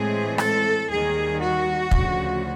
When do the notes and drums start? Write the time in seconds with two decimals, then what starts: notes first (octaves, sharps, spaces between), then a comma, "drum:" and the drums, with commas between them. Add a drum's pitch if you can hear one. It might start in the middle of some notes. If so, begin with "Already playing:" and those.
Already playing: A2 E3 G#3 C4 G#4
0.38 A4, drum: rim click
0.89 D#2 D#3 G3 G#4
1.41 F#4
1.91 D2 C#3 F3, drum: kick